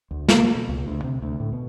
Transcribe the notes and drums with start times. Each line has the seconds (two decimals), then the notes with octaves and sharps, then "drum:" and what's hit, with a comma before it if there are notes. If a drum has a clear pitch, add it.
0.11 D2
0.29 A#3, drum: snare
0.55 B2
0.69 C#2
0.87 D2
1.04 C3
1.22 D2
1.40 A2
1.53 B2